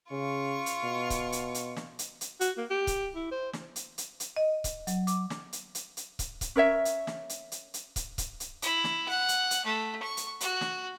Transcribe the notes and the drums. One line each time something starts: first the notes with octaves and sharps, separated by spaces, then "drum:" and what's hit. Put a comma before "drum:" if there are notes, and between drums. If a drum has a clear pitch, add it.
C#3 F4 C#6
drum: hi-hat
B2
drum: kick, hi-hat
drum: hi-hat
drum: hi-hat
drum: snare
drum: hi-hat
drum: hi-hat
F#4, drum: hi-hat
A#3
G4
drum: kick, hi-hat
E4
C5
drum: snare
drum: hi-hat
drum: hi-hat
drum: hi-hat
D#5
drum: kick, hi-hat
F#3, drum: hi-hat
D6, drum: hi-hat
drum: snare
drum: hi-hat
drum: hi-hat
drum: hi-hat
drum: kick, hi-hat
drum: kick, hi-hat
C#4 A#4 C#5 E5
drum: hi-hat
drum: snare
drum: hi-hat
drum: hi-hat
drum: hi-hat
drum: kick, hi-hat
drum: kick, hi-hat
drum: hi-hat
E4, drum: hi-hat
drum: snare
F#5
drum: hi-hat
drum: hi-hat
A3
C#6
drum: hi-hat
F#4, drum: hi-hat
drum: snare